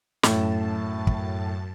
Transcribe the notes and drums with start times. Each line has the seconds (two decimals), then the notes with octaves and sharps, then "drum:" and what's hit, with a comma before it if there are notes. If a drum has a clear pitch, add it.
0.23 F#2 A2 A5, drum: snare
1.07 drum: kick